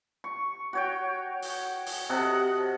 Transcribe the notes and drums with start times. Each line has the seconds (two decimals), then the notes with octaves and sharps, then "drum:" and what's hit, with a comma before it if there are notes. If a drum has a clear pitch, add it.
0.24 C#6
0.73 F#4 C#5 G5
1.42 drum: open hi-hat
1.86 drum: open hi-hat
2.09 C3 A4 D#5 F#5